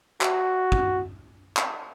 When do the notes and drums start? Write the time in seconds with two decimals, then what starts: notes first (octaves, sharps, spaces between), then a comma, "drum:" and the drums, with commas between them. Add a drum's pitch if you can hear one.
0.21 F#4, drum: clap
0.72 drum: kick
1.57 drum: clap